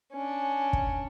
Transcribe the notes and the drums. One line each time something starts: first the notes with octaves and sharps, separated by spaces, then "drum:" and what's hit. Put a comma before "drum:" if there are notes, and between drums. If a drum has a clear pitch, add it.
C#4 D4
drum: kick